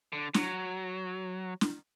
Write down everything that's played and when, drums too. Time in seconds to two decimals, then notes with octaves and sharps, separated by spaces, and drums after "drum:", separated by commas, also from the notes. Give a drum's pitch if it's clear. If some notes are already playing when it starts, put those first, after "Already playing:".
0.13 D3
0.34 F#3, drum: snare
1.61 drum: snare